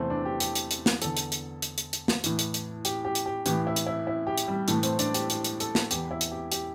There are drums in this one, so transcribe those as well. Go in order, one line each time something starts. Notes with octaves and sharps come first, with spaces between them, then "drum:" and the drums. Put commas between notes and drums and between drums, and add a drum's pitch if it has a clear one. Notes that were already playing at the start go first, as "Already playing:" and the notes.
Already playing: E2 C3 E3 A3 C4
D4
G4
G4, drum: hi-hat
drum: hi-hat
drum: hi-hat
drum: snare
E2 D3 A4, drum: hi-hat
drum: hi-hat
drum: hi-hat
drum: hi-hat
drum: hi-hat
drum: hi-hat
drum: snare
A2 E3, drum: hi-hat
drum: hi-hat
drum: hi-hat
G4, drum: hi-hat
G4
drum: hi-hat
G4
A2 E3 G4, drum: hi-hat
E4
drum: hi-hat
E4
E4
G4
drum: hi-hat
G3
A2 E3 A3, drum: hi-hat
C4, drum: hi-hat
D4, drum: hi-hat
G4, drum: hi-hat
G4, drum: hi-hat
drum: hi-hat
A4, drum: hi-hat
drum: snare
E2 E3 G4, drum: hi-hat
E4
drum: hi-hat
G4
G4, drum: hi-hat